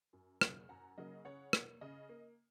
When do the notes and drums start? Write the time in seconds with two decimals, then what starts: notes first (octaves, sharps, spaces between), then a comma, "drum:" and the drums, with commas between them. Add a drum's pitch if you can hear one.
0.13 F#2
0.41 C#3 F#3 A#3, drum: rim click
0.69 F#2 F#5 A#5
0.98 C#3 F#3 A#3 D#5
1.25 C#3 C#5 F#5
1.53 A#3, drum: rim click
1.81 C#3 D#5
2.09 A#3